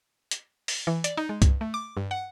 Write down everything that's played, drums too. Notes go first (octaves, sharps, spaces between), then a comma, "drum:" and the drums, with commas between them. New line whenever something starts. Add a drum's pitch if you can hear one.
drum: hi-hat
drum: open hi-hat
E3
D5, drum: hi-hat
D#4
G#3
G2, drum: kick C2, hi-hat
A3
D6
G2
F#5